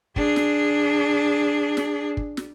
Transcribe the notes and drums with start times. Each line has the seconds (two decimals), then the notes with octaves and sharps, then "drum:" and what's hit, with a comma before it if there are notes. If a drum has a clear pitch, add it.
0.16 D4 G#4, drum: kick
0.36 drum: snare
1.77 drum: snare
2.17 drum: kick
2.37 drum: snare